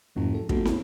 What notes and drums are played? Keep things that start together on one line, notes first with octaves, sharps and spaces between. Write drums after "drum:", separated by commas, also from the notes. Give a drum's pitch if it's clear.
F#1 F2 G#2 F3
A4
G1 A3 A#3 F#4, drum: kick
E2, drum: snare